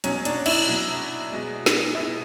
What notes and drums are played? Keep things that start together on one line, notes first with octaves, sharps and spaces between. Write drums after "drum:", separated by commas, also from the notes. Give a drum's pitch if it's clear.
B2 F#3 C#4, drum: hi-hat
D4, drum: hi-hat
E4, drum: cymbal
B2 F#3
B2 G#3
drum: snare
B2 G#3 E4